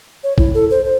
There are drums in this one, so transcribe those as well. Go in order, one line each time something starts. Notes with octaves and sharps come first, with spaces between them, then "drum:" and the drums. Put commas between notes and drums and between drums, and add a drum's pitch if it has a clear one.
C#5
E4, drum: kick
A4
C5
C5